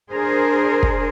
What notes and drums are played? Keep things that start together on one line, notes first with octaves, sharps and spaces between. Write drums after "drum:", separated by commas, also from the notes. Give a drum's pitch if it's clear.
D4 G#4 A#4 C5
drum: kick